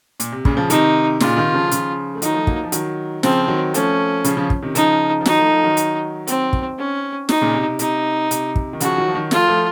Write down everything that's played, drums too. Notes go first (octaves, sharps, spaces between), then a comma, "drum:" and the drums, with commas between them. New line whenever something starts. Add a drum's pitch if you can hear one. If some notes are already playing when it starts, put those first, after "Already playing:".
A#2, drum: hi-hat
C3
A#2 C#3, drum: kick
C#3 F3
C3 D#3 D#4, drum: hi-hat
A#2 C#3 F4, drum: snare
C3 D#3
C#3 F3
D#3
C#3 F3, drum: hi-hat
A3
D#3 F#3 D#4, drum: hi-hat
F3 A3
F#3 A#3, drum: kick
F3
D#3 F#3, drum: hi-hat
C#3 F3 C4, drum: snare
D#3 F#3
F3 A3 C#4, drum: hi-hat
C#3 F3, drum: hi-hat
C#3 F3
drum: kick
C3 D#3
C#3 F3 D#4, drum: hi-hat
F3
D#3 F#3 D#4, drum: snare
F3 A3
F3 A3
D#3 F#3
drum: hi-hat
C4, drum: hi-hat
drum: kick
C#4
D#4, drum: snare
A#2 C#3
C3
C3
C3 D#4, drum: hi-hat
C3, drum: hi-hat
drum: kick
D#3
C#3 F3 F#4, drum: hi-hat
D#3 F#3
F3
D#3 F#3
F3 A3 F4, drum: snare
F3 A3